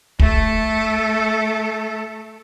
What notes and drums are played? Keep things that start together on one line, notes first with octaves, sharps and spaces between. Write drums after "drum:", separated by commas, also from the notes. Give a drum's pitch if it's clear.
A3 A4, drum: kick